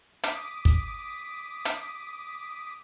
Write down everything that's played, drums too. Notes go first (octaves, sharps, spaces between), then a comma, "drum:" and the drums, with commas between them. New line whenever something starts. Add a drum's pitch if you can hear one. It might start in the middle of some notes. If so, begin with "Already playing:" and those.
D6 D#6 B6, drum: hi-hat
drum: kick
drum: hi-hat